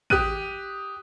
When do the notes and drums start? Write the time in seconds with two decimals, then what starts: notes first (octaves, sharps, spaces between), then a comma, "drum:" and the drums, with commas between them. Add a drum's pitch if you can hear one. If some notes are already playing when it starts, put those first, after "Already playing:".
0.10 G4 D#6 F#6 D#7, drum: kick